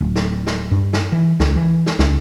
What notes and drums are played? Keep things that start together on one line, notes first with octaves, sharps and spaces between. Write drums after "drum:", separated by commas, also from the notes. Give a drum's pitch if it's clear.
D1
drum: snare
drum: snare
G2
drum: snare
E3
C#2, drum: snare
E3
drum: snare
C#2, drum: snare